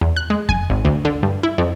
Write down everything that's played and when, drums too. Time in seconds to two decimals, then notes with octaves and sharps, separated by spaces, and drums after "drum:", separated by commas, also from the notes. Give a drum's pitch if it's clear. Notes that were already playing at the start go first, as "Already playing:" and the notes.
0.01 E2
0.16 F#6
0.30 G#3
0.49 G#5, drum: kick F2
0.70 G#1
0.85 D2
1.05 D3
1.23 G2
1.43 E4
1.58 F2